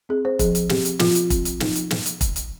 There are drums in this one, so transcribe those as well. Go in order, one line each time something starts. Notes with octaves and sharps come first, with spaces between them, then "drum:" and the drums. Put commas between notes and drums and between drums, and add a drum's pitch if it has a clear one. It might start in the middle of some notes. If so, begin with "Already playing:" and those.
C4 G#4
C5
F3 G#4, drum: kick, hi-hat
drum: hi-hat
C4 G4, drum: snare
drum: hi-hat
F3 F4, drum: snare
drum: hi-hat
C4, drum: kick, hi-hat
drum: hi-hat
F3 D#4, drum: snare
drum: hi-hat
drum: snare
drum: hi-hat
drum: kick, hi-hat
drum: hi-hat